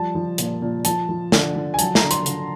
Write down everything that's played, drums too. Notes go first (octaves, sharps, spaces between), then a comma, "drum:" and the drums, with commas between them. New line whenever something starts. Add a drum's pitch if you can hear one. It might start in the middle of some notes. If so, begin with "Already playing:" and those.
Already playing: F3 G3 A5
F3
A#2, drum: hi-hat
A#2
F3 A5, drum: hi-hat
F3
D3, drum: snare
F3
G#5
F#3 A5, drum: hi-hat
A#5, drum: snare
D3
C6, drum: hi-hat
D3, drum: hi-hat